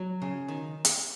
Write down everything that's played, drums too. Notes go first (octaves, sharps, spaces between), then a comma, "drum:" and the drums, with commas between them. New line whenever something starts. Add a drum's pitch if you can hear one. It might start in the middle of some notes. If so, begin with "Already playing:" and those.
Already playing: F#3
C#3
D#3
drum: hi-hat